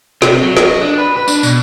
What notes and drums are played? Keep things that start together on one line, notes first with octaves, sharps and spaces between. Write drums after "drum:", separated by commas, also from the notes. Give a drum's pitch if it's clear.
C3, drum: snare
F#3
drum: snare
D#5
D4
B4
B4
D4, drum: tambourine
B2, drum: tambourine